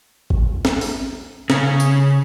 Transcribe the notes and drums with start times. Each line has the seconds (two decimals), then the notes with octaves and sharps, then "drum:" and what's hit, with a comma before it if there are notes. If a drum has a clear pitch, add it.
0.30 drum: kick G#1
0.65 drum: snare
0.81 drum: open hi-hat
1.50 C#3, drum: snare
1.80 drum: tambourine